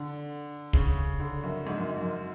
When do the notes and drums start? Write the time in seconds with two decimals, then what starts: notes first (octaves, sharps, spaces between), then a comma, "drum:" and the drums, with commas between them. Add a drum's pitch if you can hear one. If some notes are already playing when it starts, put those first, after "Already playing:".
Already playing: D3
0.73 C#3, drum: kick
1.20 D3
1.44 F#2
1.67 G#2
1.78 F#2
1.90 G#2
2.01 F#2